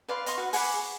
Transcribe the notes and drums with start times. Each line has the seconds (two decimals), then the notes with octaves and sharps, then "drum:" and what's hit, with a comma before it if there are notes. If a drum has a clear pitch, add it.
0.09 B4 D5 F5 C6
0.26 D#5 F5 C6 C#6, drum: hi-hat
0.38 F#4 B4 F#5
0.53 G#4 F#5 B5 D6, drum: open hi-hat
0.74 C#6